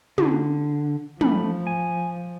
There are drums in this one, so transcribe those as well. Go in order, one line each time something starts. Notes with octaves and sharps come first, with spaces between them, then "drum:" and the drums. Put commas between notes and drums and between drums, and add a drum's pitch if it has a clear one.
D3, drum: tom
F3 A3 B5, drum: tom
G#5